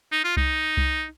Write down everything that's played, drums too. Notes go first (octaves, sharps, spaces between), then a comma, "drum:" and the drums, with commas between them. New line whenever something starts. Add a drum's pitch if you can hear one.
D#4
F4
D#4, drum: kick C2
drum: kick C2